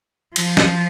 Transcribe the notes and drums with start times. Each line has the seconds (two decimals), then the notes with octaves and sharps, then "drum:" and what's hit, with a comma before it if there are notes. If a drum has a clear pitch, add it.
0.36 F3, drum: cymbal
0.57 drum: snare